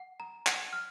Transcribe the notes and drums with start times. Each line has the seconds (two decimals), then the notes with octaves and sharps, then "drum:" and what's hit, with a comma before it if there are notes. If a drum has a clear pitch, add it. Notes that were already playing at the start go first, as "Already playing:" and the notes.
Already playing: F#5
0.20 A#5
0.47 F#5, drum: clap
0.73 F6